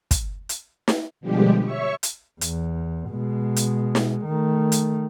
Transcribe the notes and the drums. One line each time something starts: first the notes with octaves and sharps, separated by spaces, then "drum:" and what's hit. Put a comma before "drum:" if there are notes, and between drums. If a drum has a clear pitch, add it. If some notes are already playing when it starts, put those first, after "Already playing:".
drum: kick, hi-hat
drum: hi-hat
drum: snare
B2 D3 F3 G3 G#3 G4
C#5 E5 C#6
drum: hi-hat
E2, drum: hi-hat
B2 G#3
drum: hi-hat
drum: snare
D#3 A3
drum: hi-hat